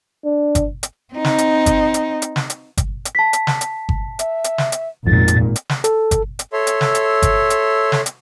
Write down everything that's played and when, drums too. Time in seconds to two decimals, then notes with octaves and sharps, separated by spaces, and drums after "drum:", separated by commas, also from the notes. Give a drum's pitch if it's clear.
0.25 D4
0.55 drum: kick G1, hi-hat
0.83 drum: hi-hat
1.14 C4 D#4
1.25 drum: snare
1.38 drum: hi-hat
1.66 drum: kick G1, hi-hat
1.94 drum: hi-hat
2.22 drum: hi-hat
2.36 drum: snare
2.50 drum: hi-hat
2.77 drum: kick G1, hi-hat
3.05 drum: hi-hat
3.15 A5 B6
3.33 drum: hi-hat
3.47 drum: snare
3.61 drum: hi-hat
3.89 drum: kick G1
4.19 E5, drum: hi-hat
4.44 drum: hi-hat
4.58 drum: snare
4.72 drum: hi-hat
5.07 G#1 F2 A#2 A6
5.28 drum: hi-hat
5.56 drum: hi-hat
5.69 drum: snare
5.84 A4, drum: hi-hat
6.11 drum: kick G1, hi-hat
6.39 drum: hi-hat
6.53 A4 C#5 E5 C6
6.67 drum: hi-hat
6.81 drum: snare
6.95 drum: hi-hat
7.22 drum: kick G1, hi-hat
7.50 drum: hi-hat
7.92 drum: snare
8.06 drum: hi-hat